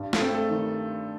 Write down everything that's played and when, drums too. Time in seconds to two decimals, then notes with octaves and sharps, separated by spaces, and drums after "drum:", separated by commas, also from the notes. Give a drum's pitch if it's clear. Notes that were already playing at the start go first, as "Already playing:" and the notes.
Already playing: G2
0.13 A3 A4, drum: snare
0.20 C4
0.35 A3 A4
0.50 D#3